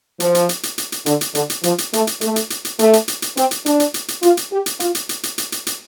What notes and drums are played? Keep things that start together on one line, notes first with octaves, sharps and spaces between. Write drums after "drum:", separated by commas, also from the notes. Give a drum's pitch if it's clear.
F3, drum: hi-hat
drum: hi-hat
drum: hi-hat
drum: hi-hat
drum: hi-hat
drum: hi-hat
D3, drum: hi-hat
drum: hi-hat
D3, drum: hi-hat
drum: hi-hat
F3, drum: hi-hat
drum: hi-hat
A3, drum: hi-hat
drum: hi-hat
A3, drum: hi-hat
drum: hi-hat
drum: hi-hat
drum: hi-hat
A3, drum: hi-hat
drum: hi-hat
drum: hi-hat
drum: hi-hat
C4, drum: hi-hat
drum: hi-hat
D4, drum: hi-hat
drum: hi-hat
drum: hi-hat
drum: hi-hat
F4, drum: hi-hat
drum: hi-hat
G4
drum: hi-hat
F4, drum: hi-hat
drum: hi-hat
drum: hi-hat
drum: hi-hat
drum: hi-hat
drum: hi-hat
drum: hi-hat